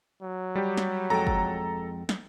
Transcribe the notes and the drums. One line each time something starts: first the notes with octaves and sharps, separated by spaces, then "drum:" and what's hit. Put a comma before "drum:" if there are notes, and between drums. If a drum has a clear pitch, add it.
F#3
G3 G4
drum: snare
F2 G#3 A4 G5 A#5
drum: kick F#1
drum: snare